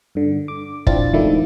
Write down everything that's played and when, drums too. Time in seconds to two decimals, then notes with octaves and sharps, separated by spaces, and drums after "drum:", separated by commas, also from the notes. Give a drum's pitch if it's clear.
0.15 G2 D3
0.48 D6
0.87 A#1 C4 D4 E4 F4 A6, drum: kick
1.13 D#3 F3 G#3 A3 D4 E4